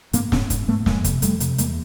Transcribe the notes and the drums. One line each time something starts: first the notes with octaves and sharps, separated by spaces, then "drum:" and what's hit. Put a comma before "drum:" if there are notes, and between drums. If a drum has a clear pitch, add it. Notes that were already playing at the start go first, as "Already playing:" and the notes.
G#2 A#3 C4, drum: hi-hat
G#2 B3 C#4, drum: snare
G#2, drum: kick, hi-hat
G#2 A3 B3
F2 G#3 A#3, drum: snare
C3, drum: kick, hi-hat
F2 G3 A3, drum: hi-hat
C3, drum: hi-hat
E2 G#3 A#3, drum: hi-hat